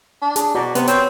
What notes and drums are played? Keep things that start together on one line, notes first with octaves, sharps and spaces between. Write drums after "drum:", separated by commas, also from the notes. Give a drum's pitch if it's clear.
D4
G#4, drum: hi-hat
B2 F#4 D5 A#5
C3 B3, drum: hi-hat
C4 C#5, drum: hi-hat